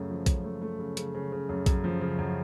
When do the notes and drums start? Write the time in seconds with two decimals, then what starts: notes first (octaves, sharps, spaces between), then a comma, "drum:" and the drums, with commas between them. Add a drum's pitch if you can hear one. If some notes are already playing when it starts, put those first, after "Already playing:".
Already playing: F#2 C#3 A3
0.10 F3
0.26 F#2, drum: kick A#1, hi-hat
0.44 A3
0.62 A3
0.79 C#3
0.97 C#3, drum: hi-hat
1.15 C#3
1.32 C#3
1.49 F#2
1.66 F#2, drum: kick A#1, hi-hat
1.84 F3
2.01 C#3
2.19 F#2